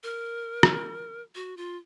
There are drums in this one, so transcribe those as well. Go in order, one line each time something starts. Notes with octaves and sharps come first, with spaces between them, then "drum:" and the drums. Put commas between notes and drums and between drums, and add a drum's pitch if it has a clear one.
A#4
drum: rim click
F#4
F4